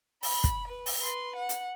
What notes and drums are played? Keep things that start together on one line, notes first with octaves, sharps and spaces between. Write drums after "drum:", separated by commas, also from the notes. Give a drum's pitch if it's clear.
B5, drum: open hi-hat
drum: kick, hi-hat
B4
drum: open hi-hat
B4 C6
F#5
drum: hi-hat